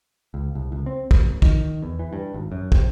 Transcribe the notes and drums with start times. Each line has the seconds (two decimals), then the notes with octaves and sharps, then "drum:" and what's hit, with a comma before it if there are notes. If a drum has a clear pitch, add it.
0.34 C#2
0.55 C2
0.72 C#2
0.86 C4
1.11 A1, drum: kick
1.42 D#3, drum: kick
1.83 E2
1.99 E3
2.13 G2
2.34 G#1
2.52 F#2
2.72 C3, drum: kick